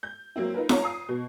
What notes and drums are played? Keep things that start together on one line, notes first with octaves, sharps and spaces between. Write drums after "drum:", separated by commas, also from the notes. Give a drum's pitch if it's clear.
G6
F#3 A#3 C4 E4
D#4 F4 A#4 B4
D#4 C#5 F5 A5 A#5, drum: snare
D#6 C7
B2